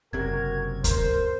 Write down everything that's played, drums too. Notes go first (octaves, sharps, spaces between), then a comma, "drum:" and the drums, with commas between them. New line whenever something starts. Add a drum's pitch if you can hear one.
F#1 C3 F#4 A#4 G#6
A#4 C5, drum: kick D2, hi-hat